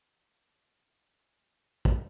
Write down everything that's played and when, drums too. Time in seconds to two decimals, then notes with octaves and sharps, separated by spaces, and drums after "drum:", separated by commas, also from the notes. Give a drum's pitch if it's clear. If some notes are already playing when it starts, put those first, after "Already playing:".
Already playing: D5
1.85 drum: kick